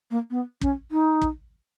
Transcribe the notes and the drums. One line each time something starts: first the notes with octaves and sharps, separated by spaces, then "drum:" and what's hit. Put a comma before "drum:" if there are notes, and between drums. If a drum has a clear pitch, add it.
A#3
B3
C#4, drum: kick
D#4
drum: kick